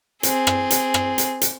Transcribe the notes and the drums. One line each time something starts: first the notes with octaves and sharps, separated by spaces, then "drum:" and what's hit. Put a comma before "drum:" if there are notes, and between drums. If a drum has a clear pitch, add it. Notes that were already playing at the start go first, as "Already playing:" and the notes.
C4 G#4, drum: hi-hat
drum: rim click
drum: hi-hat
drum: rim click
drum: hi-hat
drum: hi-hat